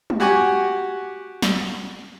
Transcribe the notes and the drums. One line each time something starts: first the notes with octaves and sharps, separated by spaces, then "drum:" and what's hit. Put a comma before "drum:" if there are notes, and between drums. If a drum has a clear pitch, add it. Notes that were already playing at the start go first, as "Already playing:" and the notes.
drum: tom
F#4 G4 F#5 G#5 C#6
drum: snare